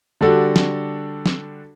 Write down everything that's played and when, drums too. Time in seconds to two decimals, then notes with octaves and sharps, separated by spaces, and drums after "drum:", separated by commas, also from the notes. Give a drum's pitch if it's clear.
0.21 D3 G3 D4 F#4 A4
0.56 drum: snare
1.26 drum: snare